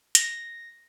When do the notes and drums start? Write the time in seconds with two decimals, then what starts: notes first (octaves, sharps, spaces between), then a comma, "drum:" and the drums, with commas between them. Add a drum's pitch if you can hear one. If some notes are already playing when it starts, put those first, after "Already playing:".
0.15 A#6, drum: hi-hat